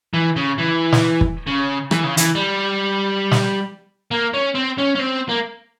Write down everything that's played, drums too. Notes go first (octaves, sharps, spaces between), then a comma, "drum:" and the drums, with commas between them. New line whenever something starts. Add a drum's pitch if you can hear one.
E3
C#3
E3
drum: snare
drum: kick
C#3
E3, drum: rim click
C#3
E3, drum: hi-hat
G3
drum: snare
A#3
C#4
C4
C#4
C#4
C4
A#3